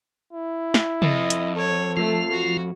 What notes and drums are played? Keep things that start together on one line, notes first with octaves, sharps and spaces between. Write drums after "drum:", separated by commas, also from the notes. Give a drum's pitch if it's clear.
E4
drum: snare
F2 D#5, drum: tom
drum: hi-hat
A4 C#5
F3 A3 F4
F#4